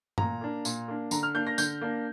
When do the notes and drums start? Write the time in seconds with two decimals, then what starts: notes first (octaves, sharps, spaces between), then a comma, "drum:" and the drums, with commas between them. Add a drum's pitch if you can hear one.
0.18 A#2 A#5, drum: tom G2
0.41 A#3 D4
0.65 A#2, drum: tambourine
0.88 A#3 D4
1.11 D3 A#5, drum: tambourine
1.23 F6
1.35 A#3 D4 G6
1.47 A#6
1.58 D3 G6, drum: tambourine
1.81 A#3 D4